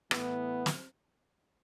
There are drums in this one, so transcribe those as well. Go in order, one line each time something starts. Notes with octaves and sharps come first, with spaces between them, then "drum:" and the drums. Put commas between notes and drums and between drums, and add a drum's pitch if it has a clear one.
A2 E3 B3, drum: rim click
drum: snare